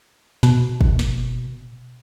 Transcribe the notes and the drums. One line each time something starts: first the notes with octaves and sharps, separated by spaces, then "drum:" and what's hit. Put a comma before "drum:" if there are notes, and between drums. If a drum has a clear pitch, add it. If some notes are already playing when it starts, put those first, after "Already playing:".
B2, drum: snare
drum: kick
drum: snare